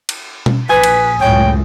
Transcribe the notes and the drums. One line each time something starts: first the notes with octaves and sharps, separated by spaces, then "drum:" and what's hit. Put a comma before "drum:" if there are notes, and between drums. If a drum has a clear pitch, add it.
drum: cymbal
drum: tom B2
A#1 B4 G#5 D#6 G#6 B6
drum: cymbal
C#2 F#2 A2 C#5 G5